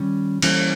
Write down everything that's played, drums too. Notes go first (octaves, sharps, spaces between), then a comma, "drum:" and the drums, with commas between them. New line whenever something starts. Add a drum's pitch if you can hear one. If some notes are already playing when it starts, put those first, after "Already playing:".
Already playing: D#3 G3 C#4
E3 G3 A#3 C#4, drum: cymbal